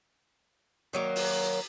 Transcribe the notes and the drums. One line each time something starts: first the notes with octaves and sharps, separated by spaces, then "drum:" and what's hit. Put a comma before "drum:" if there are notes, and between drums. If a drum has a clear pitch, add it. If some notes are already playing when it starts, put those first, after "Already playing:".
D#3 F#3 A#3
drum: open hi-hat